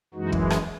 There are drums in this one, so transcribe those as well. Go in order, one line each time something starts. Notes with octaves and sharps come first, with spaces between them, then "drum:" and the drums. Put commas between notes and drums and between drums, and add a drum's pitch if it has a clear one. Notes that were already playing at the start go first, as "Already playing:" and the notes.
F#2 E3 G#3 D#4 F#4
drum: kick
drum: rim click